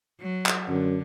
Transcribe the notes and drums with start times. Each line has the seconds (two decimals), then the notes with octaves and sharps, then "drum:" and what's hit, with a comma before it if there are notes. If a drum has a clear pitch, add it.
0.20 F#3
0.46 drum: clap
0.69 F#2 D3